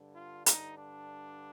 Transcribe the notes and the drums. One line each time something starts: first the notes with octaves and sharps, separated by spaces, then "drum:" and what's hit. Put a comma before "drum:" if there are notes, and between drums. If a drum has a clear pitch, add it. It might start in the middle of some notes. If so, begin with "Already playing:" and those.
Already playing: G2 D3
F4
D#4, drum: hi-hat
D4